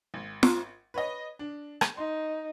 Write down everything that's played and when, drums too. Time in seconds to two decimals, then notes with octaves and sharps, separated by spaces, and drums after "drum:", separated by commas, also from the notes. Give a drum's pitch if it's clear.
0.14 G#1
0.43 drum: snare
0.94 B4 C#5 D#5
1.39 D4
1.81 drum: rim click
1.97 D#4 C6